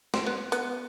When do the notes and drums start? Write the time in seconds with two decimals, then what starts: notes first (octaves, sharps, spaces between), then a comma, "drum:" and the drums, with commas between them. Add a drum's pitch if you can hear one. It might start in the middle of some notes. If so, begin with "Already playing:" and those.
0.14 C4, drum: snare
0.26 B3
0.52 B3, drum: hi-hat